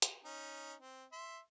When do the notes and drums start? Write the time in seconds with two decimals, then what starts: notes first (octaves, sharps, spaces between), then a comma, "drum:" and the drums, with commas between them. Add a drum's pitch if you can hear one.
0.02 drum: hi-hat
0.25 C#4 D#4
0.80 C4
1.12 E5 C6